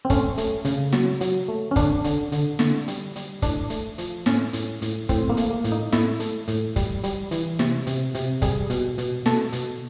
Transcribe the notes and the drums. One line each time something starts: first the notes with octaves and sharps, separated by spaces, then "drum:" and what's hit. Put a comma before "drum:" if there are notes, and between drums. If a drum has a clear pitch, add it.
C4
A3 C#4, drum: kick, hi-hat
A3, drum: hi-hat
C#3, drum: hi-hat
F#3, drum: snare
F#3, drum: hi-hat
A3
C#4
D3 D4, drum: kick, hi-hat
D3, drum: hi-hat
D3, drum: hi-hat
D3, drum: snare
G3, drum: hi-hat
G3, drum: hi-hat
A2 D4, drum: kick, hi-hat
A3, drum: hi-hat
F3, drum: hi-hat
A2 C#4, drum: snare
A2, drum: hi-hat
A2, drum: hi-hat
A2 C4, drum: kick, hi-hat
A#3
A3, drum: hi-hat
A#3
A2, drum: hi-hat
D#4
A2 E4, drum: snare
A3, drum: hi-hat
A2, drum: hi-hat
G3, drum: kick, hi-hat
G3, drum: hi-hat
E3, drum: hi-hat
C3, drum: snare
C3, drum: hi-hat
C3, drum: hi-hat
G3 G#4, drum: kick, hi-hat
B2, drum: hi-hat
B2, drum: hi-hat
B2 A4, drum: snare
B2, drum: hi-hat